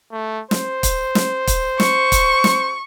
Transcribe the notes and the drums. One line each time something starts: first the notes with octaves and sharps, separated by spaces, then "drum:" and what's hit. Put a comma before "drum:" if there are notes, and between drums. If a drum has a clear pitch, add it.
A3
C5, drum: snare
drum: kick, hi-hat
drum: snare
drum: kick, hi-hat
C#6, drum: snare
drum: kick, hi-hat
drum: snare